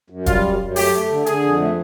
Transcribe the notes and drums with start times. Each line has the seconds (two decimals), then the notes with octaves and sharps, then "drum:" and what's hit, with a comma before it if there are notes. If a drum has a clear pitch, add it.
0.10 F#2
0.26 G3 F4, drum: kick, hi-hat
0.43 F#2
0.60 F#2
0.76 A3 G4, drum: open hi-hat
0.94 A3
1.10 D3
1.26 D3 G#4, drum: hi-hat
1.43 F2
1.60 A3